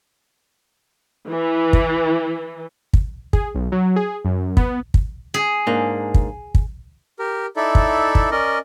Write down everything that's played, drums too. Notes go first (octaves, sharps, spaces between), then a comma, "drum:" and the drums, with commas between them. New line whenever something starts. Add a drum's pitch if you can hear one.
E3
drum: kick
drum: kick
G#4, drum: kick
B1
F#3
G#4
F#2
B3, drum: kick
drum: kick
G#4
G#2 A#3 D4
drum: kick
drum: kick
G4 A#4
D#4 E4 A4 D5 E5
drum: kick
drum: kick
C#4 A#4 D5 D#5